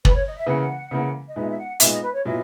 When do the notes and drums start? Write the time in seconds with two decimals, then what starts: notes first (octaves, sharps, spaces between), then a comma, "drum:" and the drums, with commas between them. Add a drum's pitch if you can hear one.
0.05 B4, drum: kick
0.14 C#5
0.26 D#5
0.36 E5
0.46 C#3 E3 A#3 F#5
0.91 C#3 E3 A#3
1.28 D#5
1.36 A#2 G#3 B3 D#4 E5
1.50 E5
1.58 F#5
1.80 A#2 G#3 B3 D#4 E5, drum: hi-hat
1.91 D#5
2.02 B4
2.13 C#5
2.25 A#2 F#3 B3 E4 D#5